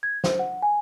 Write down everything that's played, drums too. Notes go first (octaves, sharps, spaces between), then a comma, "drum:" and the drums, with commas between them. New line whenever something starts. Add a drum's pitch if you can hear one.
G#6
C5, drum: snare
F#5
G#5